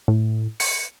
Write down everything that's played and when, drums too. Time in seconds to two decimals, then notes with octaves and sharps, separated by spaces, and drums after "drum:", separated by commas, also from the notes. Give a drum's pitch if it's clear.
0.08 A2
0.60 C#7, drum: open hi-hat